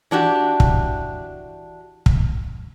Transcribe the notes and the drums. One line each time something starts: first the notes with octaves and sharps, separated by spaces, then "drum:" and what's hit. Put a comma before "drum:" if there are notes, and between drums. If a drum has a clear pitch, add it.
E3 D4 F#4 G4
drum: kick
drum: kick